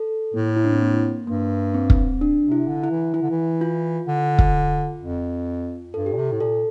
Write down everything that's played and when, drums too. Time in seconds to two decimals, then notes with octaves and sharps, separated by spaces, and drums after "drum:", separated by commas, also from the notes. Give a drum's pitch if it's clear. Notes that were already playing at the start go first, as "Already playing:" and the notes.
Already playing: A4
0.34 A2 A#3
0.56 E4
0.64 D4
0.73 C4
0.81 A#3
1.27 G2 A#3
1.74 C4
1.90 drum: kick
2.21 D4
2.45 C3
2.52 E4
2.67 D3
2.84 E4
2.90 E3
3.14 E3 E4
3.22 D3
3.31 E3
3.61 F4
4.08 D3
4.39 drum: kick
5.00 F2
5.94 G2 A4
6.06 G4
6.13 A#2
6.18 C3 A4
6.32 A2
6.40 A#2 A4